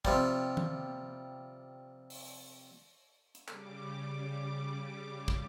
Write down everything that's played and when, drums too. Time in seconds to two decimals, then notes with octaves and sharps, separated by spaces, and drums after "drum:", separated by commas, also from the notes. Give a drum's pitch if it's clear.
0.05 C3 F3 G3, drum: kick
0.57 drum: tom D#3
2.10 drum: open hi-hat
3.35 drum: hi-hat
3.48 C#3 G3 D6, drum: clap
5.28 drum: kick